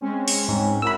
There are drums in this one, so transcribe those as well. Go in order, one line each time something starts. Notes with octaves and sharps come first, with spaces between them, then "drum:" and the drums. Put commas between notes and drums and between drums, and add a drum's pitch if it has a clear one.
G#3 C4 C#4
drum: open hi-hat
G#2
E4 F#4 A#4 B5 E6